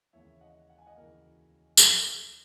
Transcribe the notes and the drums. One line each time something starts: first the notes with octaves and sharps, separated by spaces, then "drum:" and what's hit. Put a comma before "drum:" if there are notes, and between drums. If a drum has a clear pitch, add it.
D#2 C#3 E3 C#5 E5
D#5 F#5
F#5
G#5
D#5 F#5
D#2 C#3 E3 F#4 A#4
drum: tambourine